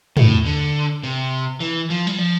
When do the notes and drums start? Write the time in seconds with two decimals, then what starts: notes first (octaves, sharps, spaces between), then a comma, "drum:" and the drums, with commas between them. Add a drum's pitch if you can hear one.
0.17 A2, drum: tom
0.46 D3
1.03 C3
1.60 E3
1.90 F3
2.07 G3
2.18 F3